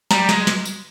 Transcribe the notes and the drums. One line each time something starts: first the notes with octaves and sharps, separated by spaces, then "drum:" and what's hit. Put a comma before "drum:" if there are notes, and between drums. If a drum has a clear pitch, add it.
G3 A#5, drum: snare
G#3, drum: snare
drum: snare
drum: tambourine